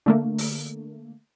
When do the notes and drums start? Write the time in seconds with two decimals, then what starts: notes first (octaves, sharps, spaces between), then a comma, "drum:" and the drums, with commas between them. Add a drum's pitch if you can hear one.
0.06 D3 A3 A#3
0.38 drum: open hi-hat